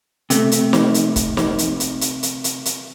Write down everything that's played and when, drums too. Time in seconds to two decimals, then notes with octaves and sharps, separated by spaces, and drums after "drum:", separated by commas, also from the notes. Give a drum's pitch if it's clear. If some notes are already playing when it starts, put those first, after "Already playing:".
0.30 C3 A3, drum: hi-hat
0.52 drum: hi-hat
0.73 drum: snare
0.94 drum: hi-hat
1.16 drum: kick, hi-hat
1.37 drum: snare
1.58 drum: hi-hat
1.80 drum: hi-hat
2.01 drum: hi-hat
2.23 drum: hi-hat
2.44 drum: hi-hat
2.65 drum: hi-hat